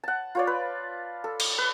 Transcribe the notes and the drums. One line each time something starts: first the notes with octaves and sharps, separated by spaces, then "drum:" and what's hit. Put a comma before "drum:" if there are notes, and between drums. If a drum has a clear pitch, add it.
F#5 A5
F4 C#5 D5
B4
A4
drum: cymbal
B4